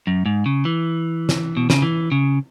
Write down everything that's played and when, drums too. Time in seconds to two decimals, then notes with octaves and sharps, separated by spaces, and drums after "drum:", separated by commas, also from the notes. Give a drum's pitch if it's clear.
0.07 F#2
0.26 G#2
0.46 C#3
0.65 E3
1.29 drum: snare
1.57 B2
1.70 C#3, drum: snare
1.82 E3
2.12 C#3